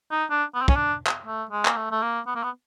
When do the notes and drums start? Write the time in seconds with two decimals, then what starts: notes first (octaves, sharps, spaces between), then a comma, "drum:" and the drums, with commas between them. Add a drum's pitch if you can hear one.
0.11 D#4
0.30 D4
0.54 B3
0.61 C4
0.68 C#4, drum: kick
0.75 D4
1.07 drum: clap
1.25 A3
1.51 G#3
1.65 A#3, drum: clap
1.76 A3
1.91 A3
2.02 A#3
2.27 B3
2.35 A#3
2.43 B3